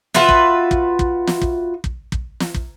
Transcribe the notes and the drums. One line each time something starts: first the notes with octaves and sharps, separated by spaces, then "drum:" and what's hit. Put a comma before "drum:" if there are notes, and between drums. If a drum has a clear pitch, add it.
F4 F#4 B4 E5, drum: snare
drum: kick
drum: kick
drum: kick
drum: snare
drum: kick
drum: kick
drum: kick
drum: snare
drum: kick